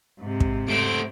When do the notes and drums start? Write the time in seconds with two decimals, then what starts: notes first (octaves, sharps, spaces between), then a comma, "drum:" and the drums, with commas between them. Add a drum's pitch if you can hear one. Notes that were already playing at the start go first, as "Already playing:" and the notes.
0.19 G#2 C3
0.40 drum: kick
0.69 A3 C5 D7